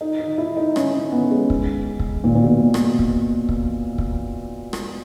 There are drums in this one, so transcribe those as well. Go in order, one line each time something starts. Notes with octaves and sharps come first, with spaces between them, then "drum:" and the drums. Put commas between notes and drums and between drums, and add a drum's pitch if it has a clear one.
D#4
D#4
E4
D#4
C#4, drum: rim click
C#4
B3
G#3
drum: kick
drum: kick
A#2
A#2
B2
drum: rim click
drum: kick
drum: kick
drum: kick
drum: rim click